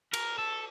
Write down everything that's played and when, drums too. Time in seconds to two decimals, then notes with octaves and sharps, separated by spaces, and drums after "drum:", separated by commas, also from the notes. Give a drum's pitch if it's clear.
0.13 A#4, drum: cymbal
0.39 A4